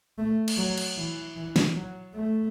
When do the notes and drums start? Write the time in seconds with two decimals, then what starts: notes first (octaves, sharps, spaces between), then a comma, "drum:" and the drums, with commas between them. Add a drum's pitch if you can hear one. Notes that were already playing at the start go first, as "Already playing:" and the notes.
0.18 A3
0.48 drum: cymbal
0.57 F#3
0.78 drum: cymbal
0.97 E3
1.36 E3
1.56 drum: snare
1.75 F#3
2.15 A3